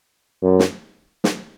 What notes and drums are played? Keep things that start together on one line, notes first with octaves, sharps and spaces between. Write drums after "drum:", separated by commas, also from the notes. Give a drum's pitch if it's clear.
F#2
drum: snare
drum: snare